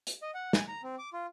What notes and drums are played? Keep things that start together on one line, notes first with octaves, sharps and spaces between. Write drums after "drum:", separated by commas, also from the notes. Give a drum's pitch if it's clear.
drum: hi-hat
D#5
F#5
G#5, drum: snare
A#5
C4
D6
F4